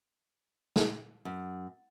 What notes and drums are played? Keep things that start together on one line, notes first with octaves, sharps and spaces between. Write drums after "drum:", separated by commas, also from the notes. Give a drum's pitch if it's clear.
drum: snare
F#2